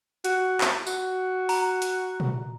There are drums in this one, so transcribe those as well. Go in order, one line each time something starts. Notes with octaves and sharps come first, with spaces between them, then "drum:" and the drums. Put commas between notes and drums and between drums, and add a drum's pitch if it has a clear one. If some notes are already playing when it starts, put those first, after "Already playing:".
F#4, drum: hi-hat
drum: clap
F#4, drum: tambourine
A#5, drum: open hi-hat
drum: hi-hat
drum: tom A#2